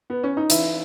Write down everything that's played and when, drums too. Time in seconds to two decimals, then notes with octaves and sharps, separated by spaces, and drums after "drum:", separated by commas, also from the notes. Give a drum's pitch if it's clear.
0.10 B3
0.24 C#4
0.37 D#4
0.50 E3 E4, drum: hi-hat